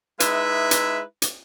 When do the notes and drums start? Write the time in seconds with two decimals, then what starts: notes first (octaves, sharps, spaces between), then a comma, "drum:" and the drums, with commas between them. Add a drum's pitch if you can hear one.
0.20 G#3 D#4 E4 B4 E5, drum: hi-hat
0.71 drum: hi-hat
1.22 drum: hi-hat